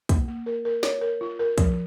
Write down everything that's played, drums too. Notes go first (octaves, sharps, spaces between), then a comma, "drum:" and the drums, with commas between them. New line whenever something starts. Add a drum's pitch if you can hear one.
A#3, drum: kick, hi-hat
A#3
A#4
A#4
C#5, drum: snare
A#4
F4
A#4
F3, drum: kick, hi-hat